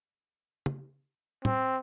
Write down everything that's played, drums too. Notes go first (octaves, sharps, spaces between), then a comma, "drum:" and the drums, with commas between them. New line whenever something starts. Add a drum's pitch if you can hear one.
drum: tom
C4, drum: tom